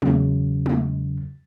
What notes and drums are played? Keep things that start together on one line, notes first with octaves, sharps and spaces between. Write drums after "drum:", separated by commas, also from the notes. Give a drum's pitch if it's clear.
E2 C#3 F#3, drum: tom G#3
drum: tom G#3